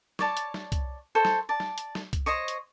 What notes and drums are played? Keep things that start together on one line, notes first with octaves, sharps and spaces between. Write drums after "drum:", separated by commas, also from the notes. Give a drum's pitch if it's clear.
C#5 D5 A5, drum: snare
drum: hi-hat
drum: snare
drum: kick C2, hi-hat
A4 C5 C#5
drum: snare
D5 A5
drum: snare
drum: hi-hat
drum: snare
drum: kick C2, hi-hat
C5 C#5 D#5 C#6
drum: hi-hat